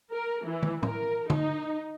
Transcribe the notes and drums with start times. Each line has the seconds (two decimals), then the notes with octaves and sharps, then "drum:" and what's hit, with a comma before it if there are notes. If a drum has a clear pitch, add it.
0.11 A#4
0.45 E3
0.63 drum: tom
0.83 A#4, drum: tom
1.30 D#4, drum: tom